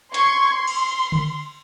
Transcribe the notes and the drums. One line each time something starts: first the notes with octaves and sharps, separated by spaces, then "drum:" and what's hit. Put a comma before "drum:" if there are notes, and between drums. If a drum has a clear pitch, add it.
C6 C#6 G#6, drum: hi-hat
C6
drum: cymbal
drum: tom D3